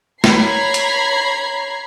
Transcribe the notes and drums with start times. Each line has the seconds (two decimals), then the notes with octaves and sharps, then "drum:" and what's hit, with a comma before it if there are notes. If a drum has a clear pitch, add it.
0.24 C#5 A#5 B5 G#6 B6 C7, drum: snare
0.74 drum: hi-hat